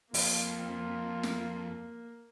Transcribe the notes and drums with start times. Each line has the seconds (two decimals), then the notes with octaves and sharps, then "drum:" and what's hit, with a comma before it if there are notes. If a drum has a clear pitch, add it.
0.14 F2 A#3 F4, drum: open hi-hat
1.23 drum: snare